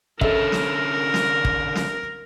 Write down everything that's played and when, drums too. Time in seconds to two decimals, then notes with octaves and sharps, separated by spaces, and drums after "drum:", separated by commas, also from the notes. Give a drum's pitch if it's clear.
0.21 D3 C#4 A4 A#4 E5, drum: kick
0.52 drum: snare
1.14 drum: snare
1.45 drum: kick
1.75 drum: snare